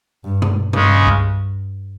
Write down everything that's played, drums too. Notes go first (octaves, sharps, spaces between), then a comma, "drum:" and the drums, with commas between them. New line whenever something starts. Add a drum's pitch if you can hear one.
G2
drum: tom B2
G2 C#3 G#3 C#4, drum: tom B2
drum: kick C2